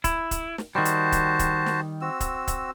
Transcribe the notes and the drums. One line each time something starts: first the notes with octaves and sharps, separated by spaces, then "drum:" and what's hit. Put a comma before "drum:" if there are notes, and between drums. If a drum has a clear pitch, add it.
E4, drum: kick, hi-hat
drum: kick, hi-hat
drum: snare
D#3 G3 F#4 C5 A5
drum: hi-hat
drum: kick, hi-hat
drum: kick, hi-hat
drum: snare
C4 F#4 E6
drum: kick, hi-hat
drum: kick, hi-hat